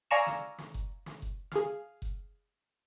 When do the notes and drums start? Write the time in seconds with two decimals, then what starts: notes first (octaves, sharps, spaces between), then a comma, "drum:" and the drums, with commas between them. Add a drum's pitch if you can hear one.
0.11 D5 F5 G#5 A#5 C#6 E6
0.27 drum: snare
0.58 drum: snare
0.74 drum: kick F#1
1.06 drum: snare
1.22 drum: kick F#1
1.52 G#4 F5, drum: snare
2.02 drum: kick F#1